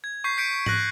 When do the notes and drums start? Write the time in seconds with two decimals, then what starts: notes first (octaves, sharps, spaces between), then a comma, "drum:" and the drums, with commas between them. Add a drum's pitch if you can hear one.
0.04 G#6
0.24 C#6 G6 B6 C7
0.38 G6 B6 C#7 D7
0.66 F#6 A#6 F#7, drum: tom G#2